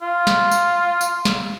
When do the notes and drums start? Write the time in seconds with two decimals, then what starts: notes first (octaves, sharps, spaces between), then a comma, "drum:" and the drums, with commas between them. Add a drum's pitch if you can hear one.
0.02 F4
0.27 drum: snare
0.51 drum: tambourine
1.01 drum: tambourine
1.25 drum: snare